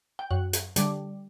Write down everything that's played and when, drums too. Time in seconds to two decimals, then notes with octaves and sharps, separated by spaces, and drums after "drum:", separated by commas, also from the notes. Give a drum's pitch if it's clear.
0.19 G5
0.31 F#2 F#5
0.53 drum: hi-hat
0.76 D3 G3, drum: hi-hat